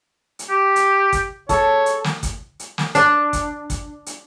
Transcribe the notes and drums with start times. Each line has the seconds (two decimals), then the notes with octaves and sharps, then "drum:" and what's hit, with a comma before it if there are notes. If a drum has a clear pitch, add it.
0.39 drum: hi-hat
0.50 G4
0.76 drum: hi-hat
1.12 drum: kick, hi-hat
1.49 A4 C#5, drum: kick, hi-hat
1.86 drum: hi-hat
2.04 drum: snare
2.23 drum: kick, hi-hat
2.59 drum: hi-hat
2.78 drum: snare
2.95 D4, drum: hi-hat
3.33 drum: kick, hi-hat
3.70 drum: kick, hi-hat
4.06 drum: hi-hat